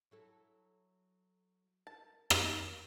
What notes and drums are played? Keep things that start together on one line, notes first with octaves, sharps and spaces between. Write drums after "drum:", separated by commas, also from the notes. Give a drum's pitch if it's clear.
F#3 E4 A4
A#4 A5
drum: rim click